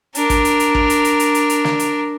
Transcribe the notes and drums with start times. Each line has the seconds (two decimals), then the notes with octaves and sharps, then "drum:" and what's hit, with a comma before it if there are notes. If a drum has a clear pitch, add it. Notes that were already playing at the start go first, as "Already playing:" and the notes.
0.15 D4 A#4, drum: hi-hat
0.30 drum: kick, hi-hat
0.45 drum: hi-hat
0.60 drum: hi-hat
0.75 drum: kick
0.90 drum: hi-hat
1.05 drum: hi-hat
1.20 drum: hi-hat
1.35 drum: hi-hat
1.50 drum: hi-hat
1.64 drum: snare
1.79 drum: hi-hat